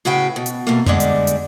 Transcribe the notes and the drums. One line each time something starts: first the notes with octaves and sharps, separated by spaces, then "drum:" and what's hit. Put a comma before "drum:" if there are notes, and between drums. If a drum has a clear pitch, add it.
A2 C#3 F#4 B4 G5
B2
drum: hi-hat
B2 A3 A#3
D3 G3 G#3 D4, drum: tom F2
drum: hi-hat
drum: hi-hat